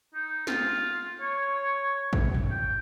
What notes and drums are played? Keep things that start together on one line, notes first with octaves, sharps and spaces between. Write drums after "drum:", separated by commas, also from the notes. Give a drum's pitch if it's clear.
D#4
F4, drum: snare
C#5
drum: kick G#1
drum: tom
G5